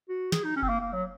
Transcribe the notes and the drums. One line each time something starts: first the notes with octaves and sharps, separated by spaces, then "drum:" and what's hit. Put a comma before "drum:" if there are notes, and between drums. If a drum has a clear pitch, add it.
F#4
G#4, drum: snare
D#4
C#4
C4, drum: kick F#1
A#3
A#3
F#3